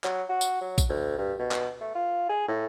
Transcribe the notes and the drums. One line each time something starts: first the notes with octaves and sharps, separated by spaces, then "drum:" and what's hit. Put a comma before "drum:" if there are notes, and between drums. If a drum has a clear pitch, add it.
F#3, drum: clap
F#4
drum: tambourine
F#3
drum: kick A#1, tambourine
D2
G2
B2
drum: clap
A3
F4
G#4
A2